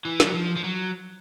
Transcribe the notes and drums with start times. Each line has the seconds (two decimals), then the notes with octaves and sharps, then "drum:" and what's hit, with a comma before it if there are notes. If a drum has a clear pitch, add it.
0.05 E3
0.20 G3, drum: snare
0.27 F#3
0.34 F3
0.57 F3
0.64 F#3